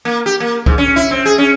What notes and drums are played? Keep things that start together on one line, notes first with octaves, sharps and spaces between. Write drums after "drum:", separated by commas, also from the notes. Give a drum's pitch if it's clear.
A#3
G4
A#3
G#2, drum: kick C#2
C#4
E4
C4
G#4
C#4